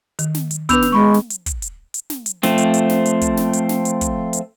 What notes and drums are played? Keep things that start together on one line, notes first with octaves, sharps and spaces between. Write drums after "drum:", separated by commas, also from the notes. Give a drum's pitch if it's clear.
D#3, drum: hi-hat
drum: snare
drum: hi-hat
B3 D4 B4 E6 G6 F7, drum: kick, hi-hat
drum: snare
G#3 B5 C#6
drum: snare
drum: hi-hat
drum: kick, hi-hat
drum: hi-hat
drum: hi-hat
drum: snare
drum: hi-hat
F3 A3 C4, drum: snare
drum: hi-hat
drum: hi-hat
drum: snare
drum: hi-hat
drum: kick, hi-hat
drum: snare
drum: hi-hat
drum: snare
drum: hi-hat
drum: kick, hi-hat
drum: hi-hat